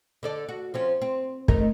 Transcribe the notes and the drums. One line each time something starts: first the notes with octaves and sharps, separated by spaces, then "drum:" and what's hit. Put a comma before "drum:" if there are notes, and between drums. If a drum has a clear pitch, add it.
D3 A4 D5
F#4
F3 C4 C#4
C4
A3 D#4 A#4, drum: kick